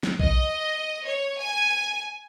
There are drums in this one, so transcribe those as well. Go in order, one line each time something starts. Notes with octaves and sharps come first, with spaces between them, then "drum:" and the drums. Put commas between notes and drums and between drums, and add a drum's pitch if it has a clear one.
drum: snare
D#5, drum: kick
C#5
G#5